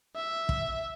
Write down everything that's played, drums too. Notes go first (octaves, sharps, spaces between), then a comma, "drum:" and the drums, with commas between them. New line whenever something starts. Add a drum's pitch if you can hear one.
E5
drum: kick